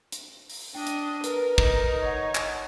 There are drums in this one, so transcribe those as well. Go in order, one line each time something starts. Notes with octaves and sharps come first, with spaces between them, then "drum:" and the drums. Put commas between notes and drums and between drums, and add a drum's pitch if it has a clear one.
drum: hi-hat
drum: open hi-hat
D4 D#5 G5
drum: hi-hat
A#4 B4, drum: hi-hat
D#4, drum: kick
C#5 D#5 F#5
drum: clap